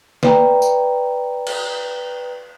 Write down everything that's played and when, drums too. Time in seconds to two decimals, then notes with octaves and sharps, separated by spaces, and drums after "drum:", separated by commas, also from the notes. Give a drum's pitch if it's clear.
0.23 B4 D5 G5 A#5, drum: snare
0.62 drum: tambourine
1.47 drum: cymbal